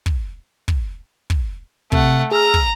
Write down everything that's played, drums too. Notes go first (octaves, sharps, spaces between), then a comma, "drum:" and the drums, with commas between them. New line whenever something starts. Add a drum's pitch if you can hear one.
drum: kick
drum: kick
drum: kick
C3 A3 F#5, drum: kick
G#4 A#5 E6 F6
drum: kick